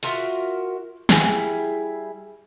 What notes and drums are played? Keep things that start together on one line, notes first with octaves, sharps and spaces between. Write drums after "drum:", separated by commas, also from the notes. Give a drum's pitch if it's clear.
F4 F#4 A#4 E5, drum: open hi-hat
G3 E4 G#4, drum: snare